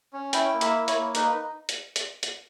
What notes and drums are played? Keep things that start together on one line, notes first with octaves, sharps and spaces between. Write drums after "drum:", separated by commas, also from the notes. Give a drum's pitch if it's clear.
C#4
E4 G5, drum: hi-hat
A#3
E5, drum: hi-hat
E4
C#5, drum: hi-hat
A#3
D#4 B4, drum: hi-hat
D#4
drum: hi-hat
drum: hi-hat
drum: hi-hat